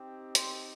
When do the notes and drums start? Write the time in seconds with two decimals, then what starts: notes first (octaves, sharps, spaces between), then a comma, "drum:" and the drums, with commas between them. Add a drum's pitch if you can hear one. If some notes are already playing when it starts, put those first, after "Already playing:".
Already playing: C4 D#4 G4
0.35 C6, drum: hi-hat